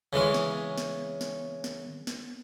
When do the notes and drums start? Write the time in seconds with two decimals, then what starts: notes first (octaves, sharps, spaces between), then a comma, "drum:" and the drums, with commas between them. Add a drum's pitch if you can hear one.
0.13 C#3 E3 G#3 C#4
0.34 drum: snare
0.78 drum: snare
1.21 drum: snare
1.64 drum: snare
2.07 drum: snare